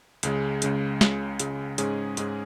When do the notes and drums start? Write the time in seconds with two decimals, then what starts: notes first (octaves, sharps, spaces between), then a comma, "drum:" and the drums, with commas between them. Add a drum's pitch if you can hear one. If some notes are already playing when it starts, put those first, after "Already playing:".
0.23 C#2 C#3 G#3, drum: hi-hat
0.62 C#2 C#3 G#3, drum: hi-hat
1.01 C#2 C#3 G#3, drum: snare
1.39 C#2 C#3 G#3, drum: hi-hat
1.78 G#2 G#3 C#4 G#4, drum: hi-hat
2.17 G#2 G#3 C#4 G#4, drum: hi-hat